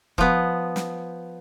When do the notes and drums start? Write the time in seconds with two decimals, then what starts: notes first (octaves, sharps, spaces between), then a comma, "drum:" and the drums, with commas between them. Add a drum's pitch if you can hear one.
0.18 F3 B3, drum: kick E1
0.76 drum: snare